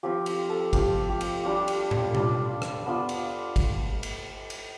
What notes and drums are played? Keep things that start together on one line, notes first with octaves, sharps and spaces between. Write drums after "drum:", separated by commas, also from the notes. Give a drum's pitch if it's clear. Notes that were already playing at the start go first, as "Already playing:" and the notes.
F3 C4 F4 G4
G4, drum: cymbal
A4
F3 C4 F4 G4, drum: kick G#1, cymbal
G4
drum: cymbal
G3 D4 F4 G4
drum: cymbal
drum: tom A2
G3 D4 F4, drum: tom B2
drum: rim click
B3 D4 F4
drum: cymbal
drum: kick G#1, cymbal
drum: cymbal
drum: cymbal